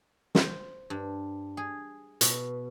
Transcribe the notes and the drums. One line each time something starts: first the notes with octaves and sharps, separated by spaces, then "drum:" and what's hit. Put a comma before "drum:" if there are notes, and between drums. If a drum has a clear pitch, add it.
C5, drum: snare
G2
G#4
B2, drum: hi-hat